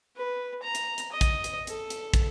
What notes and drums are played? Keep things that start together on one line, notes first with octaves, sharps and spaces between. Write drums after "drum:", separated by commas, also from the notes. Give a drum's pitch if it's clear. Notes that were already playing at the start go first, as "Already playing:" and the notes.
B4
A#5
drum: hi-hat
drum: hi-hat
D#5
drum: kick, hi-hat
drum: hi-hat
A4, drum: hi-hat
drum: hi-hat
drum: kick, hi-hat